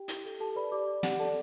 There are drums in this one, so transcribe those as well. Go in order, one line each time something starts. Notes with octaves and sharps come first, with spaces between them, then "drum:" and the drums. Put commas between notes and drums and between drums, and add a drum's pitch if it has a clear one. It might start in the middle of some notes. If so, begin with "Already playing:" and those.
Already playing: G4 G5
E4, drum: hi-hat
A4
G4 A4 A5
B4 D5 B5
G4 D5 D6
D5
G4 F#5, drum: snare
A4 D5 A5